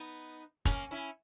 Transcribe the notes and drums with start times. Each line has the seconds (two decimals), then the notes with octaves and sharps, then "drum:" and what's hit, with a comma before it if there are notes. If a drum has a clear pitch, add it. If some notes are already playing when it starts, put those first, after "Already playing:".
Already playing: B3 D#4
0.65 A#3 C#4, drum: kick, hi-hat
0.91 C#4 E4